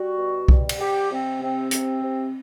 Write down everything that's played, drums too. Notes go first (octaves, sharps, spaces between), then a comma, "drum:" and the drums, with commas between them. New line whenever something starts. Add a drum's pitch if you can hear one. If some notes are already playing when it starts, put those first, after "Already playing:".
Already playing: G3 F#4
B2
G3, drum: kick
drum: cymbal
G3 G4
C3 C4
C3 C4
C3, drum: hi-hat
C3